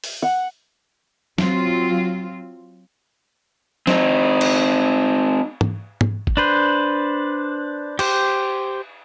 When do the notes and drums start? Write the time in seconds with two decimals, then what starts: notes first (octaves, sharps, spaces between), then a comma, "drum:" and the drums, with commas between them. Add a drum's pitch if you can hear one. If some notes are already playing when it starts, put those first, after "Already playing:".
0.04 drum: open hi-hat
0.22 F#5
1.38 F#3 C4 F4, drum: snare F#3
3.87 C4 D#4, drum: snare F#3
4.41 drum: cymbal
5.61 drum: tom G#2
6.01 drum: tom G#2
6.27 drum: kick G#1
6.37 D4 B4 C5
7.99 G4 C5, drum: cymbal